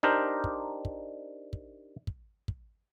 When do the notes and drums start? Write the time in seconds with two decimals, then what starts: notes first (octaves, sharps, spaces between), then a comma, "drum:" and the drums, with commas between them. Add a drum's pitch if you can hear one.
0.03 D4 D#4 G4 A#4 C5
0.44 drum: kick
0.85 drum: kick
1.53 drum: kick
2.07 drum: kick
2.48 drum: kick